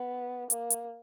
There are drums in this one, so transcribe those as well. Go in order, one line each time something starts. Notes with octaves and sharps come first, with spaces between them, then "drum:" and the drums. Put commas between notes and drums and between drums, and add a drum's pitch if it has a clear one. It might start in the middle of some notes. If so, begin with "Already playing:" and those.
Already playing: B3
A#3, drum: hi-hat
drum: hi-hat